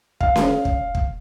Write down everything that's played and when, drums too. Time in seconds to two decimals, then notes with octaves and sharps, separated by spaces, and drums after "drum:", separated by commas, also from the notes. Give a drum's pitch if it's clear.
0.21 F5, drum: kick
0.36 drum: snare C#4
0.65 drum: kick
0.95 drum: kick